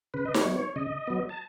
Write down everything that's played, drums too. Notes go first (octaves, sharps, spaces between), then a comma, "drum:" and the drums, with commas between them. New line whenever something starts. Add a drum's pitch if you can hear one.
C#3 B4
D#5
C#5, drum: snare D#4
F#3 B3
C#5
C#3 D#5
F#3 B3
A5